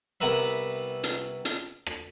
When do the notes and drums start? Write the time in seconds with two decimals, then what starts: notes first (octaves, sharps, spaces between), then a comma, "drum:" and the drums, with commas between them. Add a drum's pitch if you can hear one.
0.20 C2 B3 E4 A#4 B4 E5
1.03 drum: hi-hat
1.45 drum: hi-hat
1.86 drum: rim click